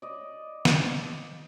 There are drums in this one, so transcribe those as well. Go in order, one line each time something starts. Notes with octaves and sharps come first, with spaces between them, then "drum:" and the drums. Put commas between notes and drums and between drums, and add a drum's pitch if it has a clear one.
D5 D#5
drum: snare